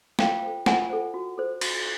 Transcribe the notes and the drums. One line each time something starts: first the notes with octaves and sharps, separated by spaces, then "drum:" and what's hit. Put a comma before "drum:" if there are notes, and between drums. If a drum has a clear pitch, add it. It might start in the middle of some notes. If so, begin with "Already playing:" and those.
F4 F5 G5, drum: snare
A4 C5
F4 F#5 G#5, drum: snare
A4 C5
F#4
A4 C5
F#4, drum: cymbal